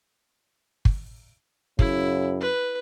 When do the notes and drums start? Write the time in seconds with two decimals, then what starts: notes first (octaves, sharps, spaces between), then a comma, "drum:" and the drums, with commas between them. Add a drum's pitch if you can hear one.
0.85 drum: kick
1.79 F#2 C#3 E4, drum: kick
2.41 B4